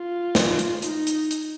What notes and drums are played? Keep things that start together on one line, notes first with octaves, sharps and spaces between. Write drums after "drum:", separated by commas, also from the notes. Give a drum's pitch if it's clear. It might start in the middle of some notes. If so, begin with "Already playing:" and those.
Already playing: F4
drum: snare
drum: hi-hat
D#4, drum: hi-hat
drum: hi-hat
drum: hi-hat